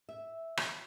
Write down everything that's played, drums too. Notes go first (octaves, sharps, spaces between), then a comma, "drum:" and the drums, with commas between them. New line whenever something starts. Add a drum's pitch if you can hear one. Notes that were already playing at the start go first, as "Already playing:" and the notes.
E5
drum: rim click